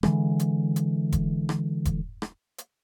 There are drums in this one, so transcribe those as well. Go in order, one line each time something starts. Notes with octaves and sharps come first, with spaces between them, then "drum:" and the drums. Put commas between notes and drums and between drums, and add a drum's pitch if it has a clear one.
D3 E3 G#3, drum: rim click
drum: hi-hat
drum: hi-hat
drum: kick E1, hi-hat
drum: rim click
drum: kick E1, hi-hat
drum: rim click
drum: hi-hat